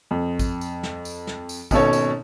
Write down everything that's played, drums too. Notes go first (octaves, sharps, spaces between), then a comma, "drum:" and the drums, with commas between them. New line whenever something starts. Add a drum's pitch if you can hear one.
F2
drum: kick, tambourine
drum: tambourine
drum: snare
drum: tambourine
drum: snare
drum: tambourine
G#1 B2 C#4 A4 C#5, drum: kick, tambourine
drum: tambourine